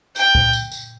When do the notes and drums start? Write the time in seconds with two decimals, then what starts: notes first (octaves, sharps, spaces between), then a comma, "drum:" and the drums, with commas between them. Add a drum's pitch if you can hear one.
0.16 G5, drum: tambourine
0.35 drum: kick C2
0.53 drum: tambourine
0.72 drum: tambourine